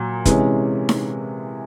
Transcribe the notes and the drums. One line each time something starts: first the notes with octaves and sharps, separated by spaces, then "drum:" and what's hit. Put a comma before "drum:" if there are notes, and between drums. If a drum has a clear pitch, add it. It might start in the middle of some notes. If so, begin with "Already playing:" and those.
Already playing: A#2 F#3
C3 E3 G#3 C#4, drum: kick, hi-hat
drum: snare D#4